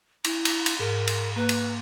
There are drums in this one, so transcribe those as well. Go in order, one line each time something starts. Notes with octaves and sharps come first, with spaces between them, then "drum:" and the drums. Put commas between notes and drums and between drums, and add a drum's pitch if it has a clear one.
E4, drum: cymbal
drum: cymbal
drum: cymbal
G#2 A#4
drum: cymbal
A#3 B4
drum: cymbal